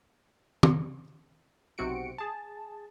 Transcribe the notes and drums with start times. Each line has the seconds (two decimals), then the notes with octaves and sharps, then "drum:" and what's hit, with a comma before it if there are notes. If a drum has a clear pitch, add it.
0.63 drum: tom
1.78 B1 C3 C4 F#4 C#7 D7
2.18 G#4 A5